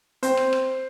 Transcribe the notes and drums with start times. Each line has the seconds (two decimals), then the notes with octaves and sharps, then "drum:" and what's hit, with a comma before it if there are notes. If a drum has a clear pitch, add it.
0.23 C4 C5, drum: hi-hat
0.37 drum: rim click
0.53 drum: rim click